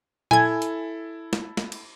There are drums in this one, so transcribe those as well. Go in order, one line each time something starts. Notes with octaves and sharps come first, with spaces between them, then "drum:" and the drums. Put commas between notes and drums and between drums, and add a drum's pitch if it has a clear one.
E4 A4 G#5 G#6, drum: tom A#2
drum: hi-hat
drum: snare
drum: snare
drum: cymbal